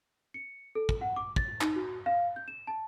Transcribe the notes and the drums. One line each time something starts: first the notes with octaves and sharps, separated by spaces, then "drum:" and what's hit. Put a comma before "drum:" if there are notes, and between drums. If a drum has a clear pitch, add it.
C#7
A4
drum: kick
F#5
D6
A6, drum: kick
D#4, drum: clap
F#4
F5
G6
E7
A5